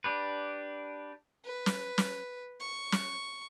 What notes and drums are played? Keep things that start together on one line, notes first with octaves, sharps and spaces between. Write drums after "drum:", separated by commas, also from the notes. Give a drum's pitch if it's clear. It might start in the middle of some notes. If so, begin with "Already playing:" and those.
D4 G4 B4
B4
drum: snare
drum: snare
C#6
drum: snare